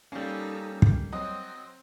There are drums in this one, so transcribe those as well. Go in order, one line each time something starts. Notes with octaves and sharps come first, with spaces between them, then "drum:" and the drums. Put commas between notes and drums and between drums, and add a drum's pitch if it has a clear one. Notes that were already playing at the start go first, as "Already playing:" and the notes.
G3 A#3 C#4 D#4 A4
drum: kick
F#3 C4 D#5 D#6